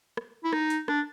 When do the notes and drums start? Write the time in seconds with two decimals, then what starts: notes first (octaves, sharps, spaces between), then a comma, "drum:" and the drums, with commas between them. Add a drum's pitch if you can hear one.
0.17 drum: rim click
0.44 E4
0.53 D#4, drum: rim click
0.70 drum: hi-hat
0.88 D4, drum: rim click